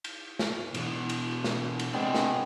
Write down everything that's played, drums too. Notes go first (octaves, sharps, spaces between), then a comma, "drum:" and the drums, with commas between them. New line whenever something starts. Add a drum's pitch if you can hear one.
drum: cymbal
drum: snare
B2 E3 B3, drum: cymbal
drum: cymbal
drum: snare
drum: cymbal
C3 G#3 B3 C4 D4
drum: snare